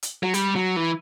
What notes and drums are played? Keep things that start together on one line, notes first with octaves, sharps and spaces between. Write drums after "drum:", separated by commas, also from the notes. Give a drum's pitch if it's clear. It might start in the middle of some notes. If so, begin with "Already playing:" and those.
drum: hi-hat
F#3
G3, drum: hi-hat
F#3
E3